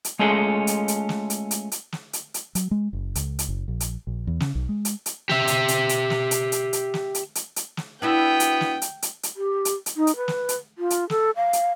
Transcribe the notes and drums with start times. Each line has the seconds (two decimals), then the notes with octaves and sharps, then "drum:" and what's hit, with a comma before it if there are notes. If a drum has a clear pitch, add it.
0.04 drum: hi-hat
0.19 G#3 A3 C#4 F4 G#4 A4
0.67 drum: hi-hat
0.88 drum: hi-hat
1.09 drum: snare
1.30 drum: hi-hat
1.51 drum: hi-hat
1.72 drum: hi-hat
1.92 drum: snare
2.13 drum: hi-hat
2.34 drum: hi-hat
2.55 F#3, drum: hi-hat
2.71 G#3
2.93 F#1
3.15 C#2, drum: hi-hat
3.39 drum: hi-hat
3.49 F#1
3.68 A#1
3.80 drum: hi-hat
4.07 A#1
4.27 E2
4.40 C#3, drum: snare
4.55 B1
4.69 G#3
4.85 drum: hi-hat
5.06 drum: hi-hat
5.29 G4 E5, drum: snare
5.47 drum: hi-hat
5.68 drum: hi-hat
5.89 drum: hi-hat
6.10 drum: snare
6.31 drum: hi-hat
6.52 drum: hi-hat
6.73 drum: hi-hat
6.94 drum: snare
7.15 drum: hi-hat
7.35 drum: hi-hat
7.56 drum: hi-hat
7.77 drum: snare
8.02 B3 D4 E4 F#4 G5
8.40 drum: hi-hat
8.61 drum: snare
8.82 drum: hi-hat
9.02 drum: hi-hat
9.23 drum: hi-hat
9.36 G4
9.65 drum: hi-hat
9.86 drum: hi-hat
9.97 D#4
10.07 drum: hi-hat
10.16 B4
10.28 drum: snare
10.49 drum: hi-hat
10.78 F4
10.90 drum: hi-hat
11.10 A4, drum: snare
11.36 F5
11.53 drum: hi-hat